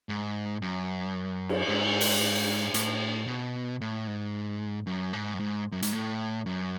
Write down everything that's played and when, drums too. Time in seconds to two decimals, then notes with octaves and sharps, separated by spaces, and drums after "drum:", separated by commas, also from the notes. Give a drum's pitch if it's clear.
0.09 G#2
0.62 F#2
1.49 drum: cymbal
1.69 G#2
2.01 drum: open hi-hat
2.74 A2, drum: hi-hat
3.27 B2
3.81 A2
4.07 G#2
4.87 F#2
5.13 G#2
5.34 F#2
5.40 G#2
5.72 F#2
5.82 G#2, drum: hi-hat
5.93 A2
6.46 F#2